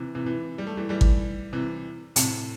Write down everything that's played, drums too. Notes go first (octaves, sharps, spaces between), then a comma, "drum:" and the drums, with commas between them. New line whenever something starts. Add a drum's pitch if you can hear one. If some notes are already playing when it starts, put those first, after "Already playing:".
Already playing: C3 E3
C3 E3
C3 E3
G3
A3
E3 G3
E3 G3
drum: kick
C3 E3
A2 C3, drum: hi-hat